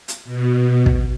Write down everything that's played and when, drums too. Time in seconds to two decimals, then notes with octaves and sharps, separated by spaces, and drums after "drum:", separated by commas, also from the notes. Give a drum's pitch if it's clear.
0.08 drum: hi-hat
0.25 B2
0.86 drum: kick